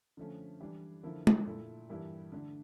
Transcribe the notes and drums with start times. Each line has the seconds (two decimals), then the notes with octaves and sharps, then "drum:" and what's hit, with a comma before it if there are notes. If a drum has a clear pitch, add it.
0.17 D3 F3 A3 C#4
0.61 E3 G3 D4
1.03 D3 F3 A#3 E4
1.27 drum: tom
1.46 A#2 A3 E4
1.89 G2 E3 A#3 E4 G4
2.32 D3 A3 D4